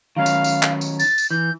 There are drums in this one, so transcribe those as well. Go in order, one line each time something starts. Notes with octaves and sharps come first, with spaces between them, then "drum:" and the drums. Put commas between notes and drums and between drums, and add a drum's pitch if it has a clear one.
D#3 F#3 C#4 F5
drum: tambourine
drum: tambourine
drum: clap
drum: tambourine
A6, drum: tambourine
drum: tambourine
E3 G6